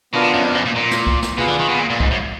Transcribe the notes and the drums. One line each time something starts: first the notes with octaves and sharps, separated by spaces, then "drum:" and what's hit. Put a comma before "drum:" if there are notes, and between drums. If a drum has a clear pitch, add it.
B2 B3 D4 F4 A#4
D3
F#2
F2
F#2
A#2
A#2
drum: snare
drum: kick C2
drum: snare
B2 F4 G#4 B4
D3
D#3
B2
A#2
A#2
G#2, drum: kick C2
F#2